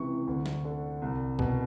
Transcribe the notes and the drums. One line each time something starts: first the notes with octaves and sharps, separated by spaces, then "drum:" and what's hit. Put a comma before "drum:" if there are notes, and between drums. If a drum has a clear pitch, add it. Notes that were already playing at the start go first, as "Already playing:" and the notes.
Already playing: C#2 C3 E3 C#6
D2
drum: snare
D3
C2
B2, drum: kick C2